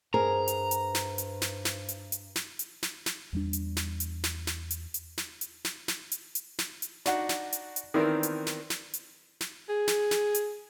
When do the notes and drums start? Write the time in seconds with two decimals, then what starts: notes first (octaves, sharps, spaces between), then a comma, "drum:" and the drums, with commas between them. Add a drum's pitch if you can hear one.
0.14 G2 G#4 A#4 C5 A#5
0.48 drum: hi-hat
0.71 drum: hi-hat
0.95 drum: snare
1.18 drum: hi-hat
1.42 drum: snare
1.65 drum: snare
1.89 drum: hi-hat
2.12 drum: hi-hat
2.36 drum: snare
2.59 drum: hi-hat
2.83 drum: snare
3.06 drum: snare
3.33 E2 G3 D4
3.53 drum: hi-hat
3.77 drum: snare
4.00 drum: hi-hat
4.24 drum: snare
4.47 drum: snare
4.71 drum: hi-hat
4.94 drum: hi-hat
5.18 drum: snare
5.41 drum: hi-hat
5.65 drum: snare
5.88 drum: snare
6.12 drum: hi-hat
6.35 drum: hi-hat
6.59 drum: snare
6.82 drum: hi-hat
7.06 D4 D#4 F#4 F#5, drum: snare
7.29 drum: snare
7.53 drum: hi-hat
7.76 drum: hi-hat
7.94 D#3 E3 B3 C4 D4 A#4
8.23 drum: hi-hat
8.47 drum: snare
8.70 drum: snare
8.94 drum: hi-hat
9.41 drum: snare
9.69 G#4
9.88 drum: snare
10.11 drum: snare
10.35 drum: hi-hat